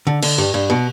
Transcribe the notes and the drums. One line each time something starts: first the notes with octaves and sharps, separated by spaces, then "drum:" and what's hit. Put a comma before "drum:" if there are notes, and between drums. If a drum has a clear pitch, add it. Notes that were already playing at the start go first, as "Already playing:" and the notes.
D3
D3, drum: cymbal
G2
G2
B2